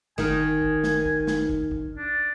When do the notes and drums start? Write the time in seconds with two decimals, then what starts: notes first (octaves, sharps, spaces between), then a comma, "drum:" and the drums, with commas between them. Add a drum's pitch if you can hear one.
0.18 G1 D#3 D#4 G#5 F6, drum: snare
0.62 drum: kick
0.84 drum: snare
1.05 drum: kick
1.27 drum: snare
1.49 drum: kick
1.71 drum: kick
1.98 D4